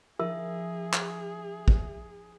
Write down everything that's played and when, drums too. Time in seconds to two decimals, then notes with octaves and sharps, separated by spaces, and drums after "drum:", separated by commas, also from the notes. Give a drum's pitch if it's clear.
0.20 F3 D#4 G#4 A#4 E5
0.94 drum: clap
1.68 drum: kick